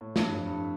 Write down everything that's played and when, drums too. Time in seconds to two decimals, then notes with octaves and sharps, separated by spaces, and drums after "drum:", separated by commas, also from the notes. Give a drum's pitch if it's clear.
0.01 A2
0.16 G2, drum: snare
0.35 F2
0.47 G2